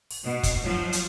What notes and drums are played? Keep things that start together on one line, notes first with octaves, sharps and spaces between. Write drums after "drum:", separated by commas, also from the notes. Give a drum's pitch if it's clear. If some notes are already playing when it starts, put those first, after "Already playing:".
drum: open hi-hat
B2
drum: kick, hi-hat
F3 F#3
drum: hi-hat